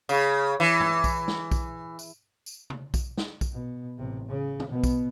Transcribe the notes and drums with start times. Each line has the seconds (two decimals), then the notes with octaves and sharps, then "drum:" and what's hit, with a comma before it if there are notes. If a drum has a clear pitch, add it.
0.09 C#3, drum: tambourine
0.60 E3
0.80 drum: tom G2
1.04 drum: kick B1, tambourine
1.28 drum: snare
1.51 drum: kick B1, tambourine
1.99 drum: tambourine
2.46 drum: tambourine
2.70 drum: tom C3
2.94 drum: kick B1, tambourine
3.18 drum: snare
3.41 drum: kick B1, tambourine
3.52 B2
3.98 A1 C3
4.28 C#3
4.60 drum: tom D3
4.69 B2 B3
4.84 drum: kick B1, tambourine